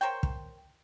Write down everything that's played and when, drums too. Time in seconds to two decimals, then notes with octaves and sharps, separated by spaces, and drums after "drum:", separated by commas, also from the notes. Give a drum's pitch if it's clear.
0.01 A#4 C5 C#5 G5
0.23 drum: kick